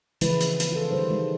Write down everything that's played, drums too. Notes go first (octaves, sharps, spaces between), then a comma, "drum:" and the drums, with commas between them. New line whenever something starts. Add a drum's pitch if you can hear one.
C#3 E3 F3 G#3 E4 B4, drum: hi-hat
drum: hi-hat
drum: hi-hat
F4 A4
D#3 G3 E4 C5
G#3